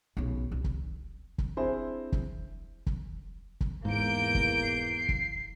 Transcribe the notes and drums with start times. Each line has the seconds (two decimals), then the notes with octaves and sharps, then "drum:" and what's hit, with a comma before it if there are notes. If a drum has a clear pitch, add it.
0.17 B1 C#3
0.52 C2
0.64 drum: kick
1.38 drum: kick
1.57 C4 D4 E4 G#4 C5
2.12 drum: kick
2.86 drum: kick
3.61 drum: kick
3.85 E2 G#2 A#3 G6 D7
4.35 drum: kick
4.63 C7
5.09 drum: kick